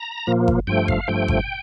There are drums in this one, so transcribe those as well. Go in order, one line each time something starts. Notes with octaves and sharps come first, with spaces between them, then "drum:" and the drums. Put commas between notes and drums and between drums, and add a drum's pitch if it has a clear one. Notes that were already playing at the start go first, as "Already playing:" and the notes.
Already playing: A#5
A#2 F3 A#3
drum: kick G1
G2 F3 A3 G5
F5, drum: kick G1
G2 F3 A3 G5
drum: kick G1